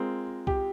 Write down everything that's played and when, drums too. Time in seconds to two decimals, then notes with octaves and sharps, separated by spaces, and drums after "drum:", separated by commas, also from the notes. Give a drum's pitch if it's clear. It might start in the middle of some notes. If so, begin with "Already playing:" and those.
Already playing: G#3 C4 F4 A#4
0.47 G4, drum: kick C2